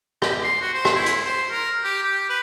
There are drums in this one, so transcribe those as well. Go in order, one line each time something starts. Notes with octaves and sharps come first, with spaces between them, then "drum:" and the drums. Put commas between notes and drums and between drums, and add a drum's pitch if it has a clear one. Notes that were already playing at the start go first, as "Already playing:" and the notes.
G4, drum: rim click
C6
F#4
C5
drum: rim click
E4
drum: hi-hat
C5
A#4
G4
G4
B4